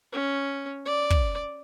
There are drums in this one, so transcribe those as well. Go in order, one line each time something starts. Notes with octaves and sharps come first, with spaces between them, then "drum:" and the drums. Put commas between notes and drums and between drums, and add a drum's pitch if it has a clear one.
C#4
D5
drum: kick